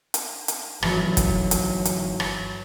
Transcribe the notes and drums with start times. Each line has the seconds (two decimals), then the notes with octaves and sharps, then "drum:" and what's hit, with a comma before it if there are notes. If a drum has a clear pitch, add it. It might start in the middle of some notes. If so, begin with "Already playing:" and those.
0.14 drum: hi-hat
0.48 drum: hi-hat
0.83 G1 E3 F#3, drum: rim click
1.17 drum: kick, hi-hat
1.51 drum: hi-hat
1.85 drum: hi-hat
2.20 drum: rim click